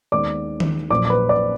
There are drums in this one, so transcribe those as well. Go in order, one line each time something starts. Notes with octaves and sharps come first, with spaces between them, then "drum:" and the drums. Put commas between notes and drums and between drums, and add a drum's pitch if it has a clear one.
D#2 D#3 G#3 B3 D5 D6
drum: tom D#3
A#1 A#2 F#3 A#3 D5 D6
D6
B4 B5
D5 D6